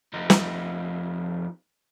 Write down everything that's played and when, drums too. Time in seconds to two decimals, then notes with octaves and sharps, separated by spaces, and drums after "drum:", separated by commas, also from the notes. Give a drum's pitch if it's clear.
0.14 F2 D#4
0.30 drum: snare